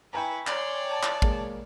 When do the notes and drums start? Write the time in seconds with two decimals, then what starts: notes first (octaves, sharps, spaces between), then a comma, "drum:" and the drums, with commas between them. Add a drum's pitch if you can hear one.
0.13 E4 B4 G5 G#5 A#5 C#6
0.47 C#5 D5 C6, drum: clap
0.89 A5
1.03 drum: clap
1.22 G#3 A#3, drum: kick